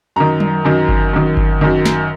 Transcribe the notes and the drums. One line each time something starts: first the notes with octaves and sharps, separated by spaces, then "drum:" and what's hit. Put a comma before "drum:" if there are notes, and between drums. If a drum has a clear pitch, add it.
F#2 D#3 A#5
drum: tom F#3
F#2 D#3
drum: kick G1
F#2 D#3
drum: kick G1
F#2 D#3
drum: snare